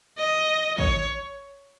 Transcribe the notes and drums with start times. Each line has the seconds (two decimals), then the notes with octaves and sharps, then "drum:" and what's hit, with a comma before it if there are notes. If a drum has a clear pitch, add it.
0.18 D#5
0.78 C#5, drum: kick